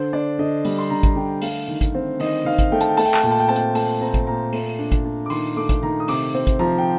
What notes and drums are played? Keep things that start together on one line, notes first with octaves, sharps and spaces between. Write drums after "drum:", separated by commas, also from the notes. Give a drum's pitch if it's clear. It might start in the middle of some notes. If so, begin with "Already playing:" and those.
Already playing: D3 C5
D4 D5
D3 D#5
G3, drum: open hi-hat
C6
D3 A#5
drum: kick G#1, hi-hat
D3 G5
A3 F5, drum: open hi-hat
D#3
drum: kick G#1, hi-hat
C4
D#3 D#5, drum: open hi-hat
D#3 F5
drum: kick G#1, hi-hat
A3 G5
A5, drum: hi-hat
G5
A3 A5, drum: open hi-hat
G5
A5, drum: clap
A#2 G5
A5
G5
C4 A5
G5, drum: hi-hat
A3 A5, drum: open hi-hat
C4 A#5
drum: kick G#1, hi-hat
A#2 A#5
A3, drum: open hi-hat
D4
drum: kick G#1, hi-hat
D4
D6
D#3 C6, drum: open hi-hat
A3 D6
drum: kick G#1, hi-hat
D#3 A#5
D#6
C3 D6, drum: open hi-hat
C4
drum: kick G#1, hi-hat
F3 A#5
G5